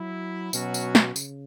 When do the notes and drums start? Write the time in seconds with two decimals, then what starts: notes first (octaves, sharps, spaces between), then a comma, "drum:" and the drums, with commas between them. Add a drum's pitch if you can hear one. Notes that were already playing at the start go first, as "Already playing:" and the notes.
Already playing: F#3 E4
0.53 B2 F#3 C#4 F#4, drum: tambourine
0.74 drum: tambourine
0.95 drum: snare
1.16 C#3, drum: tambourine